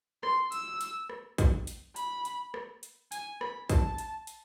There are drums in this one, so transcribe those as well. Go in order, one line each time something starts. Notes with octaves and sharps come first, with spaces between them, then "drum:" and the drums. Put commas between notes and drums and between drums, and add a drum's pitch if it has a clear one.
C6, drum: rim click
E6, drum: hi-hat
drum: hi-hat
drum: rim click
drum: kick, hi-hat
drum: hi-hat
B5, drum: hi-hat
drum: hi-hat
drum: rim click
drum: hi-hat
G#5, drum: hi-hat
B5, drum: rim click
A5, drum: kick, hi-hat
drum: hi-hat
drum: hi-hat